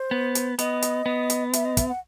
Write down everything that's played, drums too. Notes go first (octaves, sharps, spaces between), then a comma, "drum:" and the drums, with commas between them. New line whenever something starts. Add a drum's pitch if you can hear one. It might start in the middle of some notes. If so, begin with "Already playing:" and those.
Already playing: C5
B3
drum: hi-hat
B3 D#5, drum: hi-hat
drum: hi-hat
B3
drum: hi-hat
E5, drum: hi-hat
D#5
E5, drum: kick, hi-hat
F#5